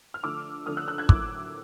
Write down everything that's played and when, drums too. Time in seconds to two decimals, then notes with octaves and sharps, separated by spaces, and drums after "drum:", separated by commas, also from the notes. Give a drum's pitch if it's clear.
0.14 F6
0.23 D3 F3 A3 D6 E6
0.66 D3 F3 A3 D#6 F6
0.77 E6 F#6
0.88 E6 F#6
0.98 F#6 G#6
1.09 A2 F#3 A#3 D6 E6, drum: kick